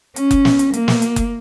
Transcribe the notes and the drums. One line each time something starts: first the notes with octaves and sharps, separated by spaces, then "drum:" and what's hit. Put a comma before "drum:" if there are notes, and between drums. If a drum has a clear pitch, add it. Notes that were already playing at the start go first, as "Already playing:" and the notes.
C#4, drum: hi-hat
drum: kick F#1, hi-hat
drum: snare
drum: hi-hat
A#3, drum: hi-hat
drum: snare
drum: hi-hat
drum: kick F#1, hi-hat